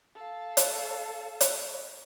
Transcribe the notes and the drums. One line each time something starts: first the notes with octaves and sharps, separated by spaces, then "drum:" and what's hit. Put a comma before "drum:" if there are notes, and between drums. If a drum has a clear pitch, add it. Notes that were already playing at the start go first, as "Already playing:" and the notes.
A4 F5
drum: hi-hat
drum: hi-hat